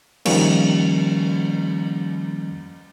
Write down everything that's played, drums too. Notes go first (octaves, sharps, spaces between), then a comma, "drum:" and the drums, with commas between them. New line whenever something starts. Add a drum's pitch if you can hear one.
D#3 F3 G3 A#3 C#4, drum: cymbal